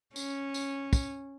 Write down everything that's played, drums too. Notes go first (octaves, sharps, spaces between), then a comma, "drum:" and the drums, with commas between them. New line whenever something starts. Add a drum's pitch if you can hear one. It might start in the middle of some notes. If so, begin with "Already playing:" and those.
C#4, drum: tambourine
drum: tambourine
drum: kick, tambourine